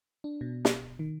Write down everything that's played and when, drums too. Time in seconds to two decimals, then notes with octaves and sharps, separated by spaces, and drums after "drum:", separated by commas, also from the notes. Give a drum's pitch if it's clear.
0.24 D4
0.41 B2
0.65 drum: snare
0.99 D#3